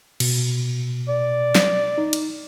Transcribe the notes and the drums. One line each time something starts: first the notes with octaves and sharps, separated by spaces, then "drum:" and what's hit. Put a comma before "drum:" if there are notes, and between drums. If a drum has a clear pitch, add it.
B2, drum: cymbal
D5
drum: snare
D#4
drum: cymbal